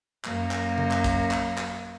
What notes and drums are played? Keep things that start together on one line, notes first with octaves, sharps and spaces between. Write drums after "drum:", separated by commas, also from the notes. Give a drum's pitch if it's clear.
F#2 A#3, drum: clap
drum: clap
drum: tom C#3
drum: clap
drum: kick, hi-hat
drum: clap
drum: clap